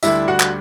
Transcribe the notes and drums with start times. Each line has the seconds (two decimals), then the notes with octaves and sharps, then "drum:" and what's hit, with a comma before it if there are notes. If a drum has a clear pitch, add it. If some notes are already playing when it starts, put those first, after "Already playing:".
0.03 D2 D3 G3 D4 E4 E5, drum: tambourine
0.28 F#4 F#5
0.40 drum: clap